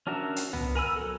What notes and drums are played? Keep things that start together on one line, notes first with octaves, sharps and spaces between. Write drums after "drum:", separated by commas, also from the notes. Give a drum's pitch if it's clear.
C#4 D4 F#4 A#4 E5
drum: hi-hat
B3, drum: tom
A#4 G#5 B5 E6
F#3 A4